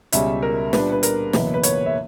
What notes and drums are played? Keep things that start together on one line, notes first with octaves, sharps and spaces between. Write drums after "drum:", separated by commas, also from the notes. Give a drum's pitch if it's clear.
C#2 B2 G3 C#4 E5, drum: hi-hat
A#4
A#2 G3 B3 D4 B4, drum: snare
B4
A#4, drum: hi-hat
F#1 E2 B2 A#3 E4 B4, drum: snare
B4
C#5, drum: hi-hat
E5